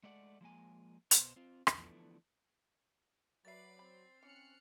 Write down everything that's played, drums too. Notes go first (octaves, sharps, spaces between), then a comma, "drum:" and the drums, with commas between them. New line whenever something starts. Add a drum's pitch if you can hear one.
G#3 A3 D5 F#5
F3 G#3 A#3 G#5
B2 B3 C5, drum: hi-hat
C4 F4
drum: rim click
D3 E3 F3 A3 B3 E4
F#3 F#4 A#4 B4 D5 E5 A6 C7
C4 B5
E3 C4 C#4 F6 F#6 C#7